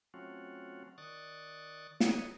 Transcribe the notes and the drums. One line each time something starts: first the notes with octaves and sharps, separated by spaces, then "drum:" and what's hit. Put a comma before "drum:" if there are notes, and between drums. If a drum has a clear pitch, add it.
F#3 A3 C4 C#4 F4 F#4
D#3 D5 C#6 D#6 F#6 A6
D#4 G#4 A4 B4 C#5 D#5, drum: snare